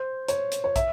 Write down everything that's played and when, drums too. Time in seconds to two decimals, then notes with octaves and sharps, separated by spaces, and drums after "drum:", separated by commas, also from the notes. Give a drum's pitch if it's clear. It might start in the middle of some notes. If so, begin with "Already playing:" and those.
Already playing: C5
0.28 C#5, drum: hi-hat
0.52 drum: hi-hat
0.64 C#5
0.76 E5, drum: kick, hi-hat